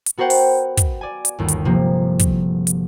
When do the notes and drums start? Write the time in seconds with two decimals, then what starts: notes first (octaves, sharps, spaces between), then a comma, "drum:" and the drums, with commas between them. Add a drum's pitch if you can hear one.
0.06 drum: hi-hat
0.18 B3 F#4 A#4 C5 F#5 G5
0.30 drum: open hi-hat
0.77 drum: kick, hi-hat
1.01 D5 G#5
1.25 drum: hi-hat
1.39 G1 D#2
1.48 drum: hi-hat
1.65 C3 F3 A#3
2.19 drum: kick, hi-hat
2.67 drum: hi-hat